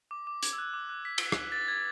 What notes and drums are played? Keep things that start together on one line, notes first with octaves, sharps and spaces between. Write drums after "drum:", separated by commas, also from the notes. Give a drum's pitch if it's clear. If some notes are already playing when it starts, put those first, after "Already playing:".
D6
D6
G#6, drum: hi-hat
E6
F#6
D6
F#6
B6
drum: cymbal
drum: rim click
A6
G#6